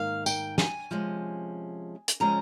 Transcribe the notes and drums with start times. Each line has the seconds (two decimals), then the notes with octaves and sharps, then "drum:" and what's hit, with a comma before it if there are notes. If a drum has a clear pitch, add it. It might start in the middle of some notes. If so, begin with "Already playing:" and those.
Already playing: G#2 D#3 A#3 F5
0.26 G5, drum: tambourine
0.58 G#5, drum: snare
0.91 C3 F3 G#3 C#4
2.08 drum: hi-hat
2.20 C#3 F3 G#3 C#4 A#5